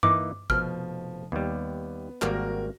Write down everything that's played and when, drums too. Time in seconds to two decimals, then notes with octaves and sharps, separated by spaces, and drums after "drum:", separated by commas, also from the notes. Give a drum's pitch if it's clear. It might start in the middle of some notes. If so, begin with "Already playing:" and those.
0.03 E3 A#3 D#4 D6, drum: tom G2
0.50 F1 B2 F3 F6, drum: kick
1.32 D#2 G3 B3
2.22 G#1 G3 A#3 F#4 A#4, drum: clap